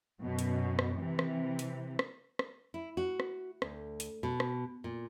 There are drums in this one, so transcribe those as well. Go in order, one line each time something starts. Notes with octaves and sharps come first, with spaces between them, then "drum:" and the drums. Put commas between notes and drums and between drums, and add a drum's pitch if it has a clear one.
F#2 B2
drum: hi-hat
drum: rim click
C3 E3
drum: rim click
drum: hi-hat
drum: rim click
drum: rim click
E4
F#4
drum: rim click
D2, drum: rim click
drum: hi-hat
B2
drum: rim click
A#2